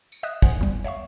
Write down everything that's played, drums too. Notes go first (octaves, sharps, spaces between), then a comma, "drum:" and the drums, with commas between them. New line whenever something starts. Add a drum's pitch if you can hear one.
drum: tambourine
D#5 E5 D#6 F#6
C5 F#5 G#5, drum: kick
A1 E2 G3
C#5 E5 F5 C#6